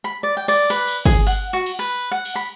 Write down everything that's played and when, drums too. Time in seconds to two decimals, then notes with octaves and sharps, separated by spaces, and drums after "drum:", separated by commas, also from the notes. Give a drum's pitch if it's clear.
0.04 B5
0.23 D5
0.37 G5
0.48 D5, drum: cymbal
0.70 B4, drum: cymbal
0.88 drum: cymbal
1.06 G#4, drum: kick, cymbal
1.27 F#5, drum: cymbal
1.53 F#4
1.66 drum: cymbal
1.79 B4
2.11 F#5
2.25 drum: cymbal
2.35 B5